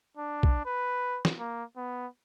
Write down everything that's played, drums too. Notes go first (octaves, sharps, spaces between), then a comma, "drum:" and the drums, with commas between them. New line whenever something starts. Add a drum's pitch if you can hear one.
D4
drum: kick
B4
drum: snare
A#3
B3